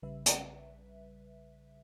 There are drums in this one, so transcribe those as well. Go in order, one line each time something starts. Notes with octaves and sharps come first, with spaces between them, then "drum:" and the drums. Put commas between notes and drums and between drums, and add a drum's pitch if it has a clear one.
A#1 C#3 G3 B4 E5
drum: hi-hat